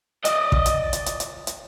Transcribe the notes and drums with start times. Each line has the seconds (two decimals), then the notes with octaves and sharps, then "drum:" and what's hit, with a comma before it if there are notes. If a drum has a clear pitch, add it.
0.25 D5 D#5, drum: hi-hat
0.52 drum: kick
0.66 drum: hi-hat
0.93 drum: hi-hat
1.06 drum: hi-hat
1.20 drum: hi-hat
1.47 drum: hi-hat